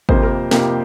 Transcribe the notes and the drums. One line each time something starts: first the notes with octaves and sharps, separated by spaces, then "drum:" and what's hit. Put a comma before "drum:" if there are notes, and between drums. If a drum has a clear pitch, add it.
F2 C3 F3 A#3 C5, drum: kick G#1
A#4
F2 C3 F3 A#3 G4, drum: snare